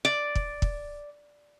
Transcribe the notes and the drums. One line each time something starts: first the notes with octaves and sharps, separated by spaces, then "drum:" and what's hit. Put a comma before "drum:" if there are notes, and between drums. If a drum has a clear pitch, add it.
D5
drum: kick
drum: kick